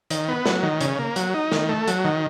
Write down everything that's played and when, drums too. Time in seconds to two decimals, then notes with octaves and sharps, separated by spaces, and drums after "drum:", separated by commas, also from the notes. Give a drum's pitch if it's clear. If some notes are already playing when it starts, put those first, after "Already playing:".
0.10 D#3, drum: hi-hat
0.28 B3
0.46 F#3, drum: snare
0.63 D#3
0.81 C#3, drum: hi-hat
0.99 A#3
1.16 F#3, drum: hi-hat
1.34 D#4
1.52 D#3, drum: snare
1.69 A3
1.88 F#3, drum: hi-hat
2.04 D#3